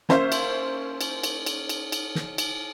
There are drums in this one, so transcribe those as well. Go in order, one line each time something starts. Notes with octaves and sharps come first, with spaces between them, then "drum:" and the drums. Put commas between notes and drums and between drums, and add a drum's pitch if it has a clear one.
A#3 C#4 C5 E5 F5, drum: snare
drum: cymbal
drum: cymbal
drum: cymbal
drum: cymbal
drum: cymbal
drum: cymbal
drum: snare
drum: cymbal